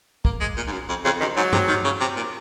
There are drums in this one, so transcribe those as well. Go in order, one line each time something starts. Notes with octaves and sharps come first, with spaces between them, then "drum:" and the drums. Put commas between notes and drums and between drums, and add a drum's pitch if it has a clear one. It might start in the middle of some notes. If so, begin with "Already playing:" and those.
A#3, drum: kick
G#3
A#2
G#2
F#2
F2
F2 C#3
F#2 D#3
G#2 F#3
C3, drum: tom G2
D#3
C#3
C3
A#2